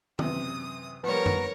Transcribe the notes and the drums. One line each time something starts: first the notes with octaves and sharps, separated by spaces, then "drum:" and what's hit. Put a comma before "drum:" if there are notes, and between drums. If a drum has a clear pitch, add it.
F#2 C3 E3 D#6, drum: tom
F3 G3 B3 A#4 C#5
drum: tom F#2